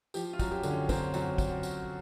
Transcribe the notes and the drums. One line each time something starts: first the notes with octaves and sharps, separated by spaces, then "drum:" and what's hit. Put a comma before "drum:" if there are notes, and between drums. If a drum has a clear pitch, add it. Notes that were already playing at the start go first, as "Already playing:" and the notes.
F3 G4, drum: tambourine
F4
F#2, drum: kick, tambourine
G4
D3, drum: tambourine
C#4
F#2 C4, drum: kick, tambourine
F#2, drum: tambourine
drum: kick, tambourine
drum: tambourine